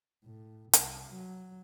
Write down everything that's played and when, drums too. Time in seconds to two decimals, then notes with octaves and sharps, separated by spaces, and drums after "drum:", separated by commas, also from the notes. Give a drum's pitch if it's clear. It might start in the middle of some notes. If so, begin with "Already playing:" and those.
0.24 A2
0.73 C2, drum: hi-hat
1.10 F#3